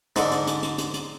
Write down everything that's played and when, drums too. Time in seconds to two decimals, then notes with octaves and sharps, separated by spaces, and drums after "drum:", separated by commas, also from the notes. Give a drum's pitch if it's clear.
0.16 G#2 D3, drum: hi-hat
0.32 drum: hi-hat
0.47 drum: hi-hat
0.63 drum: hi-hat
0.78 drum: hi-hat
0.94 drum: hi-hat